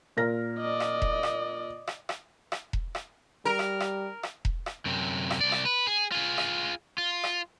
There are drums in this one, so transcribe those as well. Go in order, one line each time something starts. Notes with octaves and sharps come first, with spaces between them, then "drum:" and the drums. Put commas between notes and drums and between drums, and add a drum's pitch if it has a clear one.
A#2 A#4 A#6
D5 D#5
drum: rim click
drum: kick E1
drum: rim click
drum: rim click
drum: rim click
drum: rim click
drum: kick E1
drum: rim click
G3 A#4
drum: rim click
drum: rim click
drum: rim click
drum: kick E1
drum: rim click
F#2 C3
drum: rim click
C2 D5
drum: rim click
B4
G#4
F4 G#4
drum: rim click
F4
drum: rim click